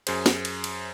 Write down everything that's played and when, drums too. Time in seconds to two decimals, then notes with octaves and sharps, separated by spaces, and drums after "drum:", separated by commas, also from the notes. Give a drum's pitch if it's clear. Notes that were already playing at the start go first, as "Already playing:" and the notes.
0.07 F#2 G#4 C5, drum: cymbal
0.26 drum: snare
0.45 drum: cymbal
0.64 drum: cymbal